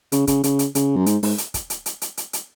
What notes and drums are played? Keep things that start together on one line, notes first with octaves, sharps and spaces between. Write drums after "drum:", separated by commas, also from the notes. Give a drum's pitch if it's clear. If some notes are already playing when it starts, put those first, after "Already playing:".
C#3, drum: hi-hat
C#3, drum: kick, hi-hat
C#3, drum: hi-hat
drum: hi-hat
C#3, drum: hi-hat
F#2
G#2, drum: hi-hat
G#2, drum: open hi-hat
drum: hi-hat
drum: kick, hi-hat
drum: hi-hat
drum: hi-hat
drum: hi-hat
drum: hi-hat
drum: hi-hat